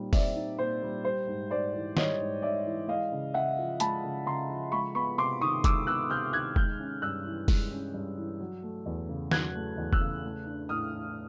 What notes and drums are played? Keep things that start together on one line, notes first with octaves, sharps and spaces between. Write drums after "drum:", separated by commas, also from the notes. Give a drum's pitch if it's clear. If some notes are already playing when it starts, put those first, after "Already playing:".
Already playing: A#2 G3 C4 D#4
C4 D5 E5, drum: kick F1, open hi-hat
D#4
A#2 C5
G3
G3 C5
G#2
G#2 C5 D5
E3
G3 C#5 D#5, drum: snare
G#2
G#2 D5 E5
E3
G#3 D#5 F5
C#3
C#3 E5 F#5
F3
G#3 A5 B5, drum: hi-hat
C#3
C#3 A#5 C6
F3
G#3 B5 C#6
B3 B5 C#6
C3 C6 D6
D#3 C#6 D#6
G#3 D6 E6, drum: kick F1, hi-hat
B3 E6 F#6
C3 F6 G6
D#3 F#6 G#6
G#3 F6 G6, drum: kick F1
C#4
G2 E6 F#6
E3
G#3, drum: kick F1, open hi-hat
C#4
G2
E3
F#3
A3
E2
C#3
F#3 F#6 G#6, drum: snare
A3
E2
E6 F#6, drum: kick F1
C#3
A3
D4
A2 D#6 F6
E3